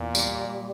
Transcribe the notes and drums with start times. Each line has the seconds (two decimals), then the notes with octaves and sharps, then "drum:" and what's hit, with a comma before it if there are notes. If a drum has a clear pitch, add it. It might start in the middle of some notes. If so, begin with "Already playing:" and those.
Already playing: E2 A#2
0.15 G3, drum: tambourine
0.49 G3